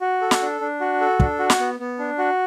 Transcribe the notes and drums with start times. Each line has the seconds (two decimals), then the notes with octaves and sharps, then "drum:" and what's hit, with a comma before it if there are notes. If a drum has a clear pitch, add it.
0.01 F#4
0.21 A4
0.31 drum: snare
0.42 D4
0.61 D4
0.81 F#4
1.01 A4
1.20 D4, drum: kick
1.39 F#4
1.50 drum: snare
1.60 B3
1.80 B3
1.99 D4
2.18 F#4